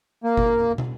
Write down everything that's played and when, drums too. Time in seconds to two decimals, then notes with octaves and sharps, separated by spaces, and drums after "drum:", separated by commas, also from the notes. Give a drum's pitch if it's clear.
0.24 A#3
0.37 drum: kick G1
0.78 drum: tom